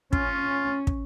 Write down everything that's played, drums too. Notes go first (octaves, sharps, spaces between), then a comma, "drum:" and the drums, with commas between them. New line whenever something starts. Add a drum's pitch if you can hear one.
C#4 F4, drum: kick
drum: kick